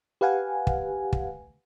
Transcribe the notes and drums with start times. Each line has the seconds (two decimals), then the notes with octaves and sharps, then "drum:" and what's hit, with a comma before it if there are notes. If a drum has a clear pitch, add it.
0.21 G4 B4 F5 F#5 G#5
0.67 drum: kick
1.13 drum: kick